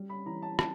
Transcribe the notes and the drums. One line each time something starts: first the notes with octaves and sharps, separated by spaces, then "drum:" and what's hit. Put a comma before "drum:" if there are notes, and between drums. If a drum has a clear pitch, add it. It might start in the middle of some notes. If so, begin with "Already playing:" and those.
Already playing: G3
B5
E3 A#5
A5
A5, drum: rim click